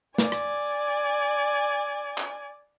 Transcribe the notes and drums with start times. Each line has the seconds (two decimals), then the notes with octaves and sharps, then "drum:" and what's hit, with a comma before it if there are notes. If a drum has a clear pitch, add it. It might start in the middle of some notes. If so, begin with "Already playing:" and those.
0.18 D5 G#5, drum: snare
0.32 drum: rim click
2.18 drum: clap